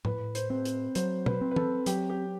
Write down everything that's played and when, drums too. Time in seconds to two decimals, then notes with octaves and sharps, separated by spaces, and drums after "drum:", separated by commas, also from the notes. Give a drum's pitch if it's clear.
0.05 A2 B4, drum: tom
0.35 C5, drum: hi-hat
0.50 C4
0.65 drum: hi-hat
0.95 F#3 C5, drum: hi-hat
1.26 B4, drum: tom
1.41 C4
1.51 B4
1.56 A4, drum: tom
1.86 F#3 G4, drum: hi-hat
2.10 G4